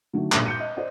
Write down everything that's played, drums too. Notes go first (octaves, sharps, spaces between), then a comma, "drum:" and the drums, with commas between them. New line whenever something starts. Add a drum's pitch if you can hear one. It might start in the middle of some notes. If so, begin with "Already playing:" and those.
D3 D#3 F#3 A3
E1 B1 G2 A#2, drum: clap
G6 C#7 D#7
D#5
C5 D5 D#5